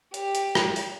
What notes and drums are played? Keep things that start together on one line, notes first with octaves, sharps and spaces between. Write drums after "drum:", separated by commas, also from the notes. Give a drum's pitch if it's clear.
G4, drum: hi-hat
drum: hi-hat
drum: rim click
drum: open hi-hat